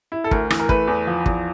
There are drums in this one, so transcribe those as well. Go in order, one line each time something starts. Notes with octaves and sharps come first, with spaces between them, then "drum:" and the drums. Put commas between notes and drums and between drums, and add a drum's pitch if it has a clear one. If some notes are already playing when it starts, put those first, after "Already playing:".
E4
A4
D2 A#4, drum: kick
E3, drum: rim click
A#4
A3 B4, drum: kick
E2
F3
E2, drum: kick